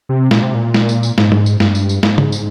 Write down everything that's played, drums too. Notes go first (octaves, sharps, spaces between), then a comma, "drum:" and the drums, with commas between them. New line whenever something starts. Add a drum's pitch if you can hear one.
C3
A#2, drum: snare
C3
A#2
drum: snare
drum: tambourine
drum: tambourine
G#2, drum: snare
drum: tom
drum: tambourine
G2, drum: snare
drum: tambourine
drum: tambourine
G#2, drum: snare
drum: tom
drum: tambourine